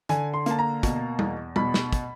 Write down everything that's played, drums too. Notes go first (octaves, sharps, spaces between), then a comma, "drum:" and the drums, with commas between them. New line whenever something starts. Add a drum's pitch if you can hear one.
D3 G#5, drum: hi-hat
C6
A#3 A5, drum: hi-hat
A#5
B2, drum: kick, hi-hat
E2, drum: tom G3
B2 B5, drum: tom G3
drum: snare
drum: kick, hi-hat